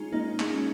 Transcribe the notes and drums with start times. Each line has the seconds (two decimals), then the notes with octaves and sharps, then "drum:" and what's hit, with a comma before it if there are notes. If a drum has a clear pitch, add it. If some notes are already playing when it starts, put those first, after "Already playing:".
Already playing: G#3 C#4 D#4 F4
0.12 A#3 D#4
0.40 G#3 C#4, drum: clap